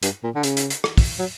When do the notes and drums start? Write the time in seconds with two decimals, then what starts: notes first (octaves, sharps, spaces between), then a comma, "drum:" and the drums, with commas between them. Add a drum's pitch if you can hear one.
0.03 G2, drum: hi-hat
0.23 A#2
0.35 D3
0.43 C#3, drum: hi-hat
0.57 drum: hi-hat
0.70 drum: hi-hat
0.84 drum: rim click
0.98 drum: kick, open hi-hat
1.19 F#3